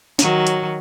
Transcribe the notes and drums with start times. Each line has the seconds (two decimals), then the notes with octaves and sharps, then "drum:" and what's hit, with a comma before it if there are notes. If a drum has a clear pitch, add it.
0.19 D#3 F#3, drum: snare
0.47 drum: hi-hat